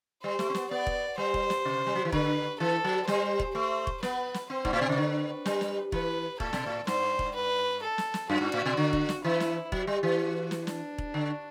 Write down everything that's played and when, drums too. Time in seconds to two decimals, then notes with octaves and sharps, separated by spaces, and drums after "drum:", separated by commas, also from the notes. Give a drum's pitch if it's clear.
0.23 G3 C5
0.39 A3, drum: snare
0.50 C4
0.54 B3, drum: snare
0.71 B3 D5
0.87 drum: kick E1
1.18 G3 C5
1.34 drum: kick E1
1.50 drum: snare
1.65 C3
1.87 G3
1.95 F#3
2.05 E3
2.12 D3 B4, drum: kick E1
2.60 E3 A4
2.84 F#3
3.07 G3 C5, drum: snare
3.40 drum: kick E1
3.55 A3 C5
3.87 drum: kick E1
4.03 B3 B4, drum: snare
4.34 drum: snare
4.50 C4 C5
4.65 G2, drum: kick E1
4.73 A2
4.81 B2
4.89 C3
4.98 D3 B4
5.46 G3, drum: snare
5.61 drum: snare
5.92 E3 B4, drum: kick E1
6.40 A2 A4, drum: kick E1
6.53 B2, drum: snare
6.66 A2
6.87 G2 C5, drum: snare
7.19 drum: kick E1
7.35 B4
7.82 A4
7.98 drum: snare
8.14 drum: snare
8.30 F#2 F#4
8.41 G2
8.54 A2
8.66 B2
8.77 D3
8.93 drum: kick E1
9.09 drum: snare
9.24 E3 E4
9.40 drum: snare
9.72 F#3, drum: kick E1
9.87 G3
10.03 E3
10.19 F#4
10.51 drum: snare
10.67 D4, drum: snare
10.98 drum: kick E1
11.14 D3